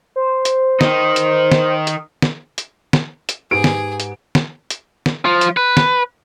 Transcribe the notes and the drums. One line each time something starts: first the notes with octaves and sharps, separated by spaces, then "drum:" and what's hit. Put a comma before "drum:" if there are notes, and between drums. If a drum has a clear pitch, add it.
C5
drum: hi-hat
D#3 D#4, drum: snare
drum: hi-hat
drum: snare
drum: hi-hat
drum: snare
drum: hi-hat
drum: snare
drum: hi-hat
G#2 G4 G#4 B4 G#5 D7
drum: snare
drum: hi-hat
drum: snare
drum: hi-hat
drum: snare
F3 F4
drum: hi-hat
B4
drum: snare